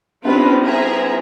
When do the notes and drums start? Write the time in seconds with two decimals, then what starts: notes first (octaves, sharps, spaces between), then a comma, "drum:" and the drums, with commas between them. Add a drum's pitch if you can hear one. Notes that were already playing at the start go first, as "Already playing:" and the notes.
0.25 C4 D4 F4 G4 B4 C5, drum: cymbal
0.65 G#4 C5 E5 A#5